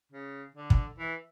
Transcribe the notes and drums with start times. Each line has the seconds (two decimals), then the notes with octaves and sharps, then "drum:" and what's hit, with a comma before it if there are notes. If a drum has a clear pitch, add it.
0.12 C#3
0.55 D3
0.70 drum: kick
0.99 E3